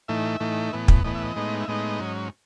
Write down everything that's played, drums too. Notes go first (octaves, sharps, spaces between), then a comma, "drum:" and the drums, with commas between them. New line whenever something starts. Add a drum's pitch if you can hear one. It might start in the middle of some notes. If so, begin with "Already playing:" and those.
A2 E3 A3 D#4 E5
A2 E3 A3 D#4
A2 E3 B3
drum: kick
A2 E3 B3 D#5
E5
D#5
A2 G#3 B3 D#4
E5
A2 G#3 B3 D#4 D#5
G#2 F#3 C#4